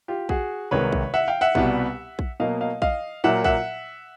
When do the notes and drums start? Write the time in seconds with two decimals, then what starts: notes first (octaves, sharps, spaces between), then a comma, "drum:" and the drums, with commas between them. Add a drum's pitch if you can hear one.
0.08 F4 G4
0.29 F#4 G#4, drum: kick A#1
0.71 C2 C3 D#3 G#3 B4 C#5
0.93 drum: kick A#1
1.14 E5 F#5
1.28 F5 G5
1.41 E5 F#5
1.55 C2 B2 G3 B3, drum: kick A#1
2.19 drum: kick A#1
2.40 B2 F#3 A#3 D#5 F5
2.61 D#5 F5
2.82 D#5 F5, drum: kick A#1
3.24 A#2 F#3 A#3 E5 F#5
3.44 E5 F#5, drum: kick A#1